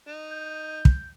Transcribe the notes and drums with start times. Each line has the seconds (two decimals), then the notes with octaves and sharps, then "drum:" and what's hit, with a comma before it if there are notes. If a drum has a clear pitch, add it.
0.08 D#4
0.31 G6
0.85 drum: kick